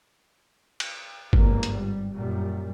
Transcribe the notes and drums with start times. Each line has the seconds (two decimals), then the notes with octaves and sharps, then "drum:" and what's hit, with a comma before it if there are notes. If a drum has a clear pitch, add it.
0.80 drum: cymbal
1.33 G1 F2 G#2 A#3, drum: kick G1
1.63 drum: hi-hat
1.73 G3
2.13 F#2 A#2 G3